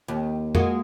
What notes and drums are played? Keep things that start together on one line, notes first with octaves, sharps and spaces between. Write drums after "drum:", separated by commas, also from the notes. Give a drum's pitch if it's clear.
D#2
G#3 A#3 F#4, drum: tom F2